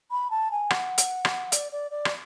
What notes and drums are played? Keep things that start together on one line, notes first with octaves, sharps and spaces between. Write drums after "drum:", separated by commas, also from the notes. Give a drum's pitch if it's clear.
B5
A5
G#5
F#5, drum: rim click
drum: hi-hat
drum: rim click
D5, drum: hi-hat
D5
D5
drum: rim click